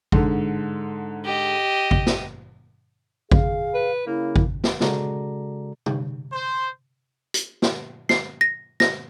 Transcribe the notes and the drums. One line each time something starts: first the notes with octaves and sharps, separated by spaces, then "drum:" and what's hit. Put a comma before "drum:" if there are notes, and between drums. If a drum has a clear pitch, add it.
G#2 D3, drum: kick G#1
G4 D#5
drum: kick G#1
drum: snare
G#4 F5, drum: kick G#1
B4
C#3 A#3 E4
drum: kick G#1
drum: snare
C#3 G#3 F#4 A4 D5 A#5, drum: snare
drum: tom C3
C5
drum: hi-hat
drum: snare
C7, drum: snare
A#6
A#6, drum: snare